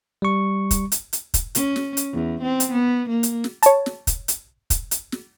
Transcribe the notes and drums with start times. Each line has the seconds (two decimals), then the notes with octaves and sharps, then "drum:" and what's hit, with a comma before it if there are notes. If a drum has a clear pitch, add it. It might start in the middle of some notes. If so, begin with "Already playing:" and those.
0.22 G3 C#6
0.71 drum: kick, hi-hat
0.92 drum: hi-hat
1.13 drum: hi-hat
1.34 drum: kick, hi-hat
1.55 C#4, drum: hi-hat
1.76 drum: snare
1.97 drum: hi-hat
2.13 E2
2.42 C4
2.60 drum: hi-hat
2.72 B3
3.09 A#3
3.23 drum: hi-hat
3.44 drum: snare
3.63 C#5 A5, drum: hi-hat
3.86 drum: snare
4.07 drum: kick, hi-hat
4.28 drum: hi-hat
4.70 drum: kick, hi-hat
4.91 drum: hi-hat
5.12 drum: snare